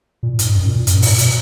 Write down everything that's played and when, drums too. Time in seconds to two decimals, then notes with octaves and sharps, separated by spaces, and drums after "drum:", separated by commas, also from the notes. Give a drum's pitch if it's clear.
0.23 A#2
0.39 G#2, drum: hi-hat
0.55 F#2
0.65 A#2
0.76 A#2
0.87 F#2, drum: hi-hat
0.95 G#2
1.02 A#2, drum: open hi-hat
1.18 B2, drum: hi-hat